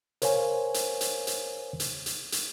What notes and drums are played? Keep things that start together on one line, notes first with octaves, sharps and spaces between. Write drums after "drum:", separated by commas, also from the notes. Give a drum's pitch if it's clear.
A#4 C5 C#5 F5 G#5, drum: hi-hat
drum: hi-hat
drum: hi-hat
drum: hi-hat
drum: hi-hat
drum: hi-hat
drum: hi-hat